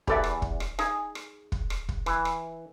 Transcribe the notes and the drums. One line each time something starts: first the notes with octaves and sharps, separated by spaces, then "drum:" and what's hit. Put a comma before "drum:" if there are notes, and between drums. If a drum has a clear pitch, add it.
E2 E3 G4 A4 D5 E5, drum: kick
drum: rim click
drum: kick
drum: rim click
D#4 G#4, drum: rim click
drum: rim click
drum: kick
drum: rim click
drum: kick
E3, drum: rim click
drum: rim click